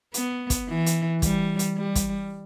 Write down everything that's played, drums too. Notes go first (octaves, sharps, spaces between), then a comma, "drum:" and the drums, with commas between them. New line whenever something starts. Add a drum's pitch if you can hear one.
B3, drum: hi-hat
drum: kick, hi-hat
E3
drum: hi-hat
G3, drum: kick, hi-hat
drum: hi-hat
G3
drum: kick, hi-hat